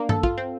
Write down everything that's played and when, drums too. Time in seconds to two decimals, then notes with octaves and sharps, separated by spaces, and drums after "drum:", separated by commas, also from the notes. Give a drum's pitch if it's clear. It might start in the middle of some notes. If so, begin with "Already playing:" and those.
Already playing: A#3 D4
0.09 A4, drum: tom G2
0.23 F4, drum: kick
0.38 C4